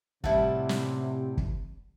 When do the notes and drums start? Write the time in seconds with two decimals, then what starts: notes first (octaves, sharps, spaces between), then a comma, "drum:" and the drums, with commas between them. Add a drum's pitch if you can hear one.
0.24 A2 C3 G3 E4 A4 F#5 A5, drum: kick
0.69 drum: snare
1.37 drum: kick